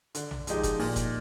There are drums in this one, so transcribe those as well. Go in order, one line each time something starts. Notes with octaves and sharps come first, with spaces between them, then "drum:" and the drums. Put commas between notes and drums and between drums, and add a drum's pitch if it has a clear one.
D3, drum: hi-hat
drum: tom A#1
F3 G#3 D#4 G4, drum: hi-hat
drum: kick F1, hi-hat
A#2, drum: open hi-hat
drum: kick F1, hi-hat